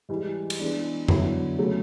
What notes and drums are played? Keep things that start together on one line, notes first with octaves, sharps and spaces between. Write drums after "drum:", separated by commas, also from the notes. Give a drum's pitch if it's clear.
G#2 E3 G3
drum: cymbal
E3 G#3 B3 D4
D3 F#3 B3 E4, drum: tom F2
C#3 F#3 A3